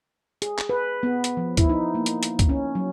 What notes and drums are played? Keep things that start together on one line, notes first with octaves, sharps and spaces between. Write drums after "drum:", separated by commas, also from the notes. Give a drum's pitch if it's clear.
G#4, drum: hi-hat
drum: clap
B4
B3
drum: hi-hat
F3
E4, drum: kick, hi-hat
D#4
A#3
drum: hi-hat
drum: hi-hat
drum: kick, hi-hat
C#4
F#3